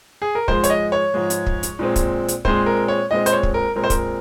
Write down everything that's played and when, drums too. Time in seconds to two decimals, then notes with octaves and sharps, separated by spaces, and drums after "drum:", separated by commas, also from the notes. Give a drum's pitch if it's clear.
0.22 G#4
0.35 A#4
0.48 G#2 F3 G#3 C5, drum: kick
0.64 C#5, drum: hi-hat
0.70 D#5
0.92 C#5
1.14 G#2 F3 G#3
1.30 drum: hi-hat
1.46 drum: kick
1.63 drum: hi-hat
1.79 A#2 G#3 C4
1.96 drum: kick, hi-hat
2.28 drum: hi-hat
2.45 A#2 G#3 C4 C5, drum: kick
2.66 A#4
2.88 C#5
3.11 A#2 G#3 C4 D#5
3.26 C5, drum: hi-hat
3.33 C#5
3.43 drum: kick
3.54 A#4
3.76 A#2 G#3 C4 A#4
3.84 C5
3.90 A#4, drum: kick, hi-hat